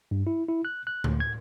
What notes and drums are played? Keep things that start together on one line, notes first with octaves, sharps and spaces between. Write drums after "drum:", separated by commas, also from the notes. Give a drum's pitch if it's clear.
G2
E4
E4
F#6
F#6
D2, drum: tom A2
G#6